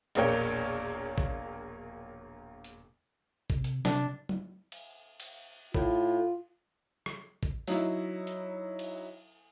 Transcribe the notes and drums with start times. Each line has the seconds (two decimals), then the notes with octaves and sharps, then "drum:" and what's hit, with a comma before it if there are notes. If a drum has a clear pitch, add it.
0.15 E1 A#1 A#3 C#5 G5, drum: cymbal
1.18 drum: kick
2.64 drum: hi-hat
3.50 C3, drum: kick
3.64 drum: hi-hat
3.85 C3 D4, drum: snare
4.29 drum: tom F#3
4.72 drum: cymbal
5.20 drum: cymbal
5.74 A2 F4, drum: kick
7.06 drum: rim click
7.43 drum: kick
7.67 F#3 D#4 E4, drum: open hi-hat
8.27 drum: hi-hat
8.79 drum: cymbal